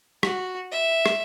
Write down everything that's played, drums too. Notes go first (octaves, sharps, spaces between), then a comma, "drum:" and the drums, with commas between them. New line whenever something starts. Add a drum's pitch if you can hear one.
F#4, drum: rim click
E5
drum: rim click